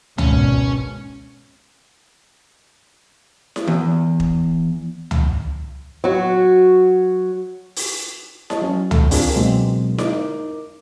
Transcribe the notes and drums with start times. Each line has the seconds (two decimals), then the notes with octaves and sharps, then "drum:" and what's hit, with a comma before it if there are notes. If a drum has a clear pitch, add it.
0.18 G#1 B2 C#4, drum: tom C#2
3.56 drum: snare E4
3.67 E2
4.20 drum: kick
5.11 drum: tom C#2
6.04 F#3 F#4
7.76 drum: open hi-hat
8.50 C#5 D#5 A5, drum: snare E4
8.62 F#3 C#4
8.91 A3, drum: tom C#2
9.11 C4 D4 F4 G4 G#4 A#4, drum: open hi-hat
9.35 B2 D3 F#3 G#3 A#3 C4
9.98 D#4 A#4 D6, drum: snare E4